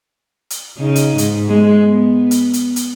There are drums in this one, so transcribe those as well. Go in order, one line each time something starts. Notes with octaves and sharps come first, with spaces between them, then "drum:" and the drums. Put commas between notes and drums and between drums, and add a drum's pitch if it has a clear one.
drum: hi-hat
C#3 D#4
drum: hi-hat
G#2, drum: hi-hat
G#3
B3
drum: hi-hat
drum: hi-hat
drum: hi-hat